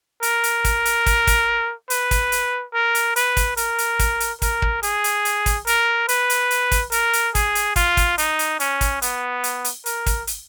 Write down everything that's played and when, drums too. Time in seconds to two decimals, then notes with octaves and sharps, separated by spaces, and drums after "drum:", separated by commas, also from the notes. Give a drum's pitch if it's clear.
0.23 A#4, drum: hi-hat
0.44 drum: hi-hat
0.64 drum: kick, hi-hat
0.85 drum: hi-hat
1.06 drum: kick, hi-hat
1.27 drum: kick, hi-hat
1.90 B4, drum: hi-hat
2.11 drum: kick, hi-hat
2.32 drum: hi-hat
2.74 A#4
2.95 drum: hi-hat
3.16 B4, drum: hi-hat
3.37 drum: kick, hi-hat
3.57 A#4, drum: hi-hat
3.78 drum: hi-hat
3.99 drum: kick, hi-hat
4.20 drum: hi-hat
4.42 A#4, drum: kick, hi-hat
4.62 drum: kick
4.83 G#4, drum: hi-hat
5.04 drum: hi-hat
5.25 drum: hi-hat
5.46 drum: kick, hi-hat
5.67 A#4, drum: hi-hat
6.09 B4, drum: hi-hat
6.30 drum: hi-hat
6.51 drum: hi-hat
6.71 drum: kick, hi-hat
6.92 A#4, drum: hi-hat
7.13 drum: hi-hat
7.35 G#4, drum: kick, hi-hat
7.55 drum: hi-hat
7.76 F4, drum: kick, hi-hat
7.97 drum: kick, hi-hat
8.18 D#4, drum: hi-hat
8.39 drum: hi-hat
8.60 C#4, drum: hi-hat
8.81 drum: kick, hi-hat
9.02 B3, drum: hi-hat
9.44 drum: hi-hat
9.65 drum: hi-hat
9.86 A#4, drum: hi-hat
10.06 drum: kick, hi-hat
10.27 drum: hi-hat